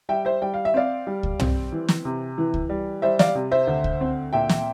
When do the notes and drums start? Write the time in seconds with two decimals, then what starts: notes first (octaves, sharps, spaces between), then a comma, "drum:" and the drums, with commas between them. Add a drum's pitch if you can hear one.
0.09 G3 E5 G5
0.25 C5 E5
0.42 G3 G5
0.54 F5
0.65 E5
0.74 C4 D5 F5
1.07 G3
1.23 drum: kick C#2
1.40 C4, drum: tom
1.72 E3
1.89 drum: snare
2.05 C3
2.38 E3
2.54 drum: kick C#2
2.69 G3
3.02 G3 C5 E5
3.19 D5 F5, drum: snare
3.35 C3
3.51 C5 E5
3.67 D2
3.84 drum: kick C#2
4.01 C4
4.33 A#2 E5 G5
4.49 drum: snare